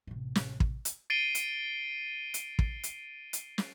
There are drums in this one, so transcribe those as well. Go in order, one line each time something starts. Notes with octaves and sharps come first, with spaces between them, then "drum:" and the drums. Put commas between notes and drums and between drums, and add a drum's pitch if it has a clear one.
A1 C3
drum: snare
drum: kick
drum: hi-hat
A6 C7 D7 D#7 G7
drum: hi-hat
drum: hi-hat
drum: kick
drum: hi-hat
drum: hi-hat
drum: snare